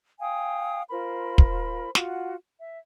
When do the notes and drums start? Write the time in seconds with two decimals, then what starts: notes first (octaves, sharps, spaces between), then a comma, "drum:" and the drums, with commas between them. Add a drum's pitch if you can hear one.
0.20 F5 G5 G#5 D#6
0.90 F4 A#4 C5 B5
1.38 drum: kick
1.95 F4 F#4 F#5, drum: snare
2.59 E5